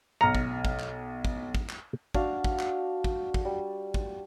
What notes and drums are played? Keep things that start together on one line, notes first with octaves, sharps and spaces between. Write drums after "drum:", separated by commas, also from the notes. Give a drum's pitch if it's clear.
B1 A#5 F6 C#7
drum: kick
drum: kick
drum: clap
drum: kick
drum: kick
drum: clap
D4 F#4 F5, drum: kick
drum: kick
drum: clap
drum: kick
drum: kick
G3
drum: kick